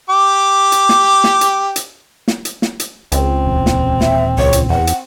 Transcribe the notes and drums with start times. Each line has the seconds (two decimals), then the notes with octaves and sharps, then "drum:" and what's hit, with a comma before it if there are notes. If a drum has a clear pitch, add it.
0.10 G4 D6
0.72 drum: hi-hat
0.89 drum: snare
1.24 drum: snare
1.41 drum: hi-hat
1.76 drum: hi-hat
2.28 drum: snare
2.45 drum: hi-hat
2.62 drum: snare
2.80 drum: hi-hat
3.12 C#2 C4, drum: hi-hat
3.46 D#1 A#2 E3
3.66 drum: snare
4.01 E5, drum: snare
4.38 C#2 C#5
4.53 drum: hi-hat
4.70 E2 F#5
4.87 drum: hi-hat